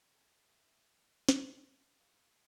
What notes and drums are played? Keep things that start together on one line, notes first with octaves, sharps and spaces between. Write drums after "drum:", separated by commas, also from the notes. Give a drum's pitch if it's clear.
E4 A4 G#5
B2 G3, drum: snare
A#4 B4 F5